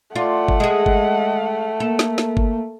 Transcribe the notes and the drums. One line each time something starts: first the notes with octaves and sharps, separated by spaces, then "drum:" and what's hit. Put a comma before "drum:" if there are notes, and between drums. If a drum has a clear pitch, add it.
A3 F4 D5 F#5
drum: kick G1
G#3 G#4 D#5
drum: kick G1
A#3 A4
drum: snare
drum: snare
drum: kick G1